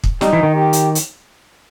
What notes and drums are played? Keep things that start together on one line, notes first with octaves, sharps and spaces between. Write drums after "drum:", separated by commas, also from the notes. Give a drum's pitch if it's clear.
drum: kick
G3 D#4, drum: snare
E3
D#3
G4
drum: hi-hat
drum: hi-hat